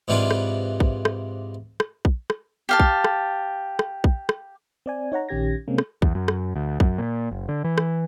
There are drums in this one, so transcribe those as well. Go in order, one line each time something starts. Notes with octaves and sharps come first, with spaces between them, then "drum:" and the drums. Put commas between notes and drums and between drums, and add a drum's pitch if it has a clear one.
G#2 C3 E3 D4 F4 B4
drum: rim click
drum: kick A#1
drum: rim click
drum: rim click
drum: kick A#1
drum: rim click
G4 F5 A5
drum: kick A#1
drum: rim click
drum: rim click
drum: kick A#1
drum: rim click
C4 D5 G#5
D#4 C#5 F#5 A#5
A#1 D#3 C#4 G4 G#6 A#6
C3 G#3 A#3 C4 C#4
drum: rim click
E2, drum: kick A#1
F#2
drum: rim click
D2
F#2, drum: kick A#1
A#2
F#1
D3
E3
drum: rim click